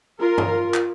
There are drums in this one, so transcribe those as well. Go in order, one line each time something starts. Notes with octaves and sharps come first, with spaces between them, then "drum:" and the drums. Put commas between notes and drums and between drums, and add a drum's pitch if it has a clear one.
F4 A#4
drum: tom
drum: clap